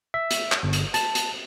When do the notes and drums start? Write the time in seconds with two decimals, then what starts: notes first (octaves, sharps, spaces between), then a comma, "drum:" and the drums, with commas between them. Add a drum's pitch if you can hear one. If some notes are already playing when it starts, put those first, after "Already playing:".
0.14 E5
0.31 drum: hi-hat
0.52 drum: clap
0.63 G1
0.73 drum: hi-hat
0.94 A5, drum: hi-hat
1.15 drum: hi-hat